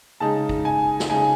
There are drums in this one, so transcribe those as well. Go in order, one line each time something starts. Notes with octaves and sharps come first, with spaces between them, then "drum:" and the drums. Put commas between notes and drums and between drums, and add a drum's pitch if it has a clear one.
C#3 G#3 D#4 A5
drum: kick
G#5
drum: snare
C#3 G#3 D#4 G#5